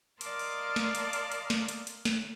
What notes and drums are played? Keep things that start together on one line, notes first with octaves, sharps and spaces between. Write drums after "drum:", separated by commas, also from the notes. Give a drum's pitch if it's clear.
A#4 D5 D#5 F5 A5 C6, drum: hi-hat
drum: open hi-hat
drum: snare
drum: hi-hat
drum: hi-hat
drum: hi-hat
drum: snare
drum: hi-hat
drum: hi-hat
drum: snare